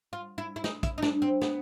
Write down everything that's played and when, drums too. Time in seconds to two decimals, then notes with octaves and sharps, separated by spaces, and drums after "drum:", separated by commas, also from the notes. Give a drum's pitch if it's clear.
0.13 F4
0.38 E4
0.56 E4
0.64 D#4, drum: snare
0.83 E4, drum: kick, hi-hat
0.98 D#4
1.02 D4, drum: snare
1.22 C4
1.42 B3, drum: snare